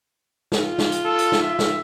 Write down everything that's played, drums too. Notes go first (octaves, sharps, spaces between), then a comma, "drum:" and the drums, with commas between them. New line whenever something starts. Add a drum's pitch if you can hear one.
drum: snare
F4
drum: snare
drum: hi-hat
A4
drum: hi-hat
drum: snare
E5
drum: snare